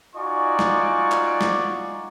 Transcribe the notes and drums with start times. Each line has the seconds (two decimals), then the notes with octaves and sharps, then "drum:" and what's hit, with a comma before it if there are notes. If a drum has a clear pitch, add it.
0.16 D#4 F4 F#4 D5 G#5 C#6
0.59 drum: snare
1.11 drum: clap
1.41 drum: snare